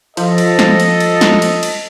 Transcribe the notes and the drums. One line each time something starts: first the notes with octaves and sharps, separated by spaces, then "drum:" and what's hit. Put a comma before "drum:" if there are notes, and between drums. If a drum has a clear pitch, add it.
F3 A4 D#5, drum: cymbal
drum: cymbal
drum: snare
drum: cymbal
drum: cymbal
drum: snare
drum: cymbal
drum: cymbal